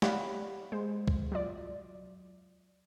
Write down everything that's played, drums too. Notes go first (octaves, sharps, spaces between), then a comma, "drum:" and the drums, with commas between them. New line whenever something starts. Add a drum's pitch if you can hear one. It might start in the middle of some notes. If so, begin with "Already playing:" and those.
G4 C#5 D5 F5 F#5 B5, drum: snare
G#3 C5
drum: kick C2
F#3 F4 D5